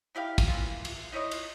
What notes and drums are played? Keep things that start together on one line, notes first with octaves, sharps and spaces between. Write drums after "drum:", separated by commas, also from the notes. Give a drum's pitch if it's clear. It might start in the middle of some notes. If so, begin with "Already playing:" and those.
D#4 E4 G4 F5
drum: kick, cymbal
E3 A#3 F4
drum: cymbal
D#4 E4 C#5 D#5
drum: cymbal